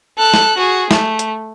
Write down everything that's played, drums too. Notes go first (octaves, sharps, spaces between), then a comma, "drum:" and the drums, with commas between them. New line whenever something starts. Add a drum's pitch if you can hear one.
A4 F#6
drum: snare
F#4 G#4
A3, drum: snare
drum: hi-hat